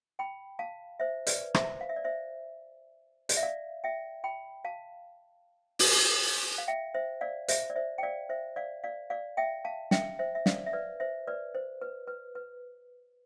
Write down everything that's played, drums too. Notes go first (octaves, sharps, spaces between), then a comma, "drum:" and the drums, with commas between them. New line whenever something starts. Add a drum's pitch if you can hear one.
G5 B5
F5 A5
C5 E5
B4 D5, drum: hi-hat
C5 E5, drum: rim click
F5
E5
D5
C5 E5
D5, drum: hi-hat
E5
D5 F5
E5 G5
G5 B5
F5 A5
drum: open hi-hat
F5
E5 G5
C5 E5
D5 F5
C5 E5, drum: hi-hat
D5
C5 E5
G5
D5 F5
C5 E5
D5 F5
D5 F5
D5 F5
E5 G5
F5 A5
E5 G5, drum: snare
C5 E5
E5
D5 F5, drum: snare
E5
B4 D5
C5 E5
B4 D5
C5
B4
B4
B4